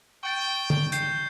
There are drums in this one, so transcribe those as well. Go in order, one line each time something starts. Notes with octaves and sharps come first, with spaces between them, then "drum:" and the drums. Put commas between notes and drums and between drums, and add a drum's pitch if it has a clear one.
G5 C#6 A6
drum: tom
G6 C7, drum: hi-hat